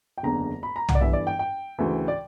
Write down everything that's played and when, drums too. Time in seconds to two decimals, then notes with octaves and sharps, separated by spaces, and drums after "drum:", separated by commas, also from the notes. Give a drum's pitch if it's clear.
0.18 G5
0.23 F#1 E2 D3 A#5
0.63 B5
0.76 A#5
0.89 F#5, drum: tom
0.95 D5
1.01 G1 G2 E3 E5
1.13 D5
1.27 G5
1.39 G5
1.79 D2 C#3 E3
2.08 D5